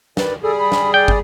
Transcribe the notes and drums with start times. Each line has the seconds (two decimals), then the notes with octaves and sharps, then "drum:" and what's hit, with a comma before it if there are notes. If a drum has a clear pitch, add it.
0.17 D#3 B4 D5, drum: snare
0.42 G3 G#4 A4
0.58 B5
0.72 drum: snare
0.94 D5 G5
1.08 drum: kick